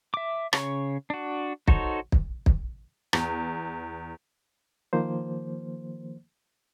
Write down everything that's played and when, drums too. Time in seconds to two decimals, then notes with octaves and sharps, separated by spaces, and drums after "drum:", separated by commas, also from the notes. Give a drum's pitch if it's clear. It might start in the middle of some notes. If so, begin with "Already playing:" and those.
0.14 E5 D6
0.53 C#3 C#5 C#6, drum: rim click
1.10 D4 F#4
1.68 D#4 F#4 A4 C5 C#5, drum: kick
2.12 drum: kick
2.46 drum: kick
3.13 E2, drum: rim click
4.93 D#3 F3 A#3 C5